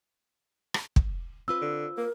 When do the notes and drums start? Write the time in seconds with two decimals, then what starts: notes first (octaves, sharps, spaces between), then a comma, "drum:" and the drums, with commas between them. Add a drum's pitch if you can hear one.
0.74 drum: rim click
0.96 drum: kick
1.48 C4 F4 B4 E6
1.62 D3
1.98 A#3 A#4